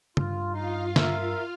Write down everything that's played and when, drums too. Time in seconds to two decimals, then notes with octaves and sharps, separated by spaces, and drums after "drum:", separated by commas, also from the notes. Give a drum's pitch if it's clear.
0.17 G2 F4, drum: tom
0.52 D#4 F4 F5
0.96 A#4 E5, drum: snare D3